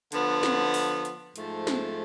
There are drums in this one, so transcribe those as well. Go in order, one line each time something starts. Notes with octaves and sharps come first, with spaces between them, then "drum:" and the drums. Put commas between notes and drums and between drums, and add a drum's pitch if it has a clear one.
D3 F3 B3, drum: hi-hat
drum: snare
drum: open hi-hat
drum: hi-hat
G#2 F3 A3, drum: hi-hat
drum: snare